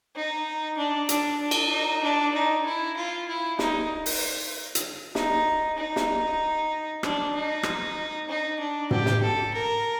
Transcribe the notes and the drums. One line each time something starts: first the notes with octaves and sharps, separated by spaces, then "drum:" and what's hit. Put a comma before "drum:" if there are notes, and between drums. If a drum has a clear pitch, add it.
D#4
D4
D4, drum: hi-hat
D4
drum: cymbal
D#4
D4
D#4
E4
F4
E4
D#4, drum: snare
drum: open hi-hat
drum: hi-hat
D#4, drum: snare
D#4
drum: snare
D4, drum: rim click
D#4
drum: rim click
D#4
D4
G4, drum: tom
drum: snare
A4
A#4